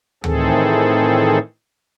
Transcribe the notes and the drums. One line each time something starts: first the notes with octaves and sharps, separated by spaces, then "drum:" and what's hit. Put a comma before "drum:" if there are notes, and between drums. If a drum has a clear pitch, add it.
A2 D#3 E3 C4 G#4 A4, drum: tom D2